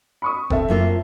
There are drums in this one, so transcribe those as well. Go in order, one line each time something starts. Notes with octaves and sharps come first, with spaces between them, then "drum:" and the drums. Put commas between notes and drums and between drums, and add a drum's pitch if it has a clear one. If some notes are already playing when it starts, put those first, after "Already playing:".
B5 C#6 D#6
C4 A4 E5, drum: kick F1
F#2 A#3 F4